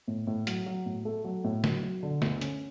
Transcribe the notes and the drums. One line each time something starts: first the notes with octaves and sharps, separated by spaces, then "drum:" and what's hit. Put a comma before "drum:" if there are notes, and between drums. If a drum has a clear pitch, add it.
A2
A2
F#3, drum: hi-hat
F#3
A2
A3
F#3
A2
F#3, drum: snare
F#3
D3
D2, drum: snare
C#4, drum: hi-hat